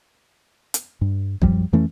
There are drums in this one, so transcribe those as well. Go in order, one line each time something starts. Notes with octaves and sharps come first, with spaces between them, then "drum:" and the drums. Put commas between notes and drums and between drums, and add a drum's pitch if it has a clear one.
drum: hi-hat
G2
F#2 F3 G3, drum: kick
F2 E3 A3 C#4